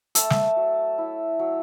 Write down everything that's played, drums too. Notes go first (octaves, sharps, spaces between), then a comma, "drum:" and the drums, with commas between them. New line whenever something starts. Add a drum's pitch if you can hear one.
A3 A4 A5, drum: hi-hat
drum: snare
F#3
E4
F#3